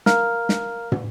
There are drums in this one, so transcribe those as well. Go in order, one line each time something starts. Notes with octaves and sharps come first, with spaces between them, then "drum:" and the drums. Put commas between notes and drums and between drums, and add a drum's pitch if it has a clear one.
A#4 F5 A#5 F6, drum: snare
drum: snare
drum: tom